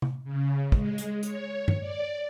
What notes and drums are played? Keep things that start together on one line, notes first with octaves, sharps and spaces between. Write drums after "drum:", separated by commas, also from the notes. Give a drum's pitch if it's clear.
drum: tom C3
C#3
G#3, drum: kick
drum: hi-hat
C#5, drum: hi-hat
drum: tom G2
D5